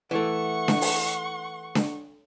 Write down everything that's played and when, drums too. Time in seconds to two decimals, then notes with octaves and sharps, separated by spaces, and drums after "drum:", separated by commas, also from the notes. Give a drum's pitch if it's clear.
0.11 E3 A3 F#5 C#6
0.68 drum: snare D4
0.81 drum: open hi-hat
1.75 drum: snare D4